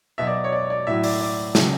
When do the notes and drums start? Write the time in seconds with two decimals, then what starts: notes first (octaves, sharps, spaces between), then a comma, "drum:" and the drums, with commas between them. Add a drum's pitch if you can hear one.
0.18 B2 F#3 E5
0.27 D5
0.44 C#5
0.52 D5
0.70 D5
0.87 A2 F#3 E5
1.04 D5, drum: open hi-hat
1.20 D5
1.55 C#3 F#3, drum: snare